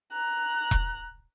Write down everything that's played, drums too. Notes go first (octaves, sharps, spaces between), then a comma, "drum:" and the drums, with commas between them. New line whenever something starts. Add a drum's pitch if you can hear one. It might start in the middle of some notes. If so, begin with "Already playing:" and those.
A#5 F#6
drum: kick E1